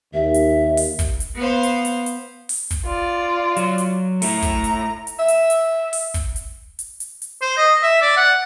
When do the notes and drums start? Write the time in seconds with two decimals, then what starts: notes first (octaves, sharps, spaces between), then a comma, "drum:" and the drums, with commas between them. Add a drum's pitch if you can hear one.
0.14 D#2 E5
0.34 drum: hi-hat
0.77 drum: open hi-hat
0.99 drum: kick, hi-hat
1.20 drum: hi-hat
1.37 B3 C5 F5
1.63 drum: hi-hat
1.85 drum: hi-hat
2.06 drum: hi-hat
2.49 drum: open hi-hat
2.71 drum: kick, hi-hat
2.86 F4 D5
3.56 F#3, drum: hi-hat
3.78 drum: hi-hat
4.22 A3 E4 A#5, drum: open hi-hat
4.42 drum: kick, hi-hat
4.64 drum: hi-hat
5.07 drum: hi-hat
5.19 E5
5.28 drum: hi-hat
5.50 drum: hi-hat
5.93 drum: open hi-hat
6.14 drum: kick, hi-hat
6.36 drum: hi-hat
6.79 drum: hi-hat
7.00 drum: hi-hat
7.22 drum: hi-hat
7.42 C5
7.57 D#5
7.83 E5
8.02 D5
8.17 F#5